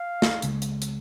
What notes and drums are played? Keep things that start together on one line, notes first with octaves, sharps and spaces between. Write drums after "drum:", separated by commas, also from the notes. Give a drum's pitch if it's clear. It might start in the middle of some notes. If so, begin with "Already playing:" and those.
Already playing: F5
drum: snare
C#2 C#3 G#3, drum: hi-hat
drum: hi-hat
drum: hi-hat